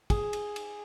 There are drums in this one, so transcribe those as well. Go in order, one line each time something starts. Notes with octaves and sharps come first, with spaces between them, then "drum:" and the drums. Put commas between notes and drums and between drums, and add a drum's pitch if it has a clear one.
G#4, drum: kick, cymbal
drum: cymbal
drum: cymbal